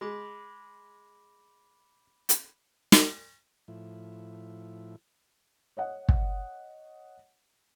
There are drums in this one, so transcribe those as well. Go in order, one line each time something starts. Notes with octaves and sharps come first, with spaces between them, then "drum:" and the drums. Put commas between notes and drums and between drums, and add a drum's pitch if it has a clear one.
G#3 B5 D6 A#6
drum: hi-hat
drum: snare
A2 F3 E4
C#5 D#5 F#5
drum: kick